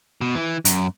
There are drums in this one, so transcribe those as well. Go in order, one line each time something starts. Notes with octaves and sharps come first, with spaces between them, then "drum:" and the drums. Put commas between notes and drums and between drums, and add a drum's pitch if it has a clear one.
B2
E3
F#2, drum: hi-hat